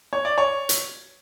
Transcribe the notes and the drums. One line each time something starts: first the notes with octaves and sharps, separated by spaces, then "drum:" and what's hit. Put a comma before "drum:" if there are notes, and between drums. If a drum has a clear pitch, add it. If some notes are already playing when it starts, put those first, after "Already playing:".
C#5
D5
C#5
drum: hi-hat